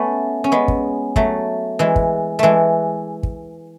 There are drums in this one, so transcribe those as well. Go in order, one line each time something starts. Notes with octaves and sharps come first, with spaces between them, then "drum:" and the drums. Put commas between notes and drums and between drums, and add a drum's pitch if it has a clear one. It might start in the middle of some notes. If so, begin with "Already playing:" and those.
Already playing: A3 B3 C#4
C#4
G#3 B3
drum: kick
F#3 A3, drum: kick
E3 G#3
drum: kick
E3 G#3 A3
drum: kick